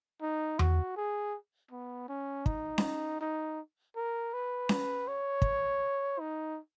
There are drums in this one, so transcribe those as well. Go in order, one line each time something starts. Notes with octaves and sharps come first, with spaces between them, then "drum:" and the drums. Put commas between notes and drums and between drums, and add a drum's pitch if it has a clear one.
D#4
F#4, drum: tom E2
G#4
B3
C#4
D#4, drum: kick
drum: snare C#4
D#4
A#4
B4
drum: snare C#4
C#5
drum: kick
D#4